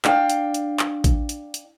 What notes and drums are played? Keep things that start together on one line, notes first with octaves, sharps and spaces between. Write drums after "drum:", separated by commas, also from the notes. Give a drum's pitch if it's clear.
D4 F5 G5, drum: clap
drum: hi-hat
drum: hi-hat
drum: clap
drum: kick A1, hi-hat
drum: hi-hat
drum: hi-hat